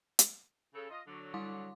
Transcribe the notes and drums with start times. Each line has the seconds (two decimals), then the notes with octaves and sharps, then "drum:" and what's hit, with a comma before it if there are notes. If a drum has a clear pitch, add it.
0.19 drum: hi-hat
0.75 C#3 A4
0.89 F4 D#5
1.07 D3 F#3
1.34 G3 C6 D6